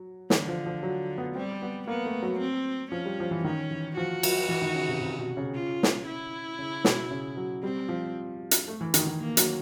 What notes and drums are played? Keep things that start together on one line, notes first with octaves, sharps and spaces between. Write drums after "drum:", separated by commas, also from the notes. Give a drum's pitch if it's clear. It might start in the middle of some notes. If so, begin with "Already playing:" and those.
Already playing: F#3
D3 E3, drum: snare
F3
F3
F#3
B3
G3 C4
B3
A#3 B3
A3
F#3
C4
F3 C#4
G3
F3
E3
D#3 C#4
E3
F3 F#4
F#3, drum: cymbal
E3
D#3
C#3
C3
C3
B2
C#3
F4
drum: snare
E4
C#3
B2, drum: snare
C#3
F#3
G3 C4
F3
drum: hi-hat
A3
E3
D#3, drum: hi-hat
D#3
A#3
F#3, drum: hi-hat